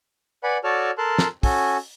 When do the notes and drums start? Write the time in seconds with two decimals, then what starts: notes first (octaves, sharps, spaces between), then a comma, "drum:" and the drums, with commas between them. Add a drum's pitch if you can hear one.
0.44 B4 D5 F#5 G#5 B5
0.64 F#4 A4 C#5 D5 A5 F6
0.98 A4 A#4 A5 C6 F#6
1.19 drum: snare
1.43 C#4 F#4 A4 G#5, drum: kick, open hi-hat